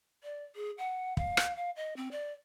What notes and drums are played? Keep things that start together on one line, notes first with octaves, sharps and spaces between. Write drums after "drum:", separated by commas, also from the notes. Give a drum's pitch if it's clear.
D5
G#4
F#5
F5, drum: kick
drum: rim click
F5
D#5
C4
D5